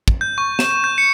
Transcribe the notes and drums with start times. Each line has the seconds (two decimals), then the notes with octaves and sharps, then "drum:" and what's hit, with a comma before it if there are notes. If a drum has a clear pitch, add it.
0.08 drum: kick
0.21 G6
0.38 C#6
0.59 E7, drum: snare
0.84 G6
0.98 C#7